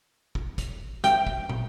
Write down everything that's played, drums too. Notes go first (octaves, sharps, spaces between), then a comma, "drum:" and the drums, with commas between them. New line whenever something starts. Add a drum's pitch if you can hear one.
drum: kick
drum: kick, hi-hat
G5, drum: hi-hat
drum: kick
drum: tom